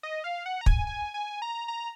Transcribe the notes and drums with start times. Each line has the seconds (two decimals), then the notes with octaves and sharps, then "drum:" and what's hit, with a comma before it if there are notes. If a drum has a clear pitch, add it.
0.03 D#5
0.24 F5
0.46 F#5
0.61 A#5
0.66 G#5, drum: kick
0.87 G#5
1.14 G#5
1.42 A#5
1.68 A#5